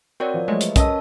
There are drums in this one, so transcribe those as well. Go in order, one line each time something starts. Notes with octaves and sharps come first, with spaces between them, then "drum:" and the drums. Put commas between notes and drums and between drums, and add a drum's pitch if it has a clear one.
C4 F#4 A#4 C#5 D5
F3
F#3 G#3 A3 D#5
B4, drum: hi-hat
C#4 A#4 D#5 A5 E6, drum: kick, hi-hat